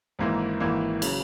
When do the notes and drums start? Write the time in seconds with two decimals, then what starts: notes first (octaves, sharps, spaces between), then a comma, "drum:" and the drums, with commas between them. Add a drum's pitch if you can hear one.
0.19 G#1 G#2 E3 A#3 E4
0.60 G#1 G#2 E3 A#3 E4
1.02 C#3 F#3, drum: cymbal